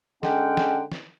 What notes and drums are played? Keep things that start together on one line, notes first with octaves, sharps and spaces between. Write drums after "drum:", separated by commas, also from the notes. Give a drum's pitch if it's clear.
D3 G#3 C#4 F#5 G5, drum: snare
drum: snare
drum: snare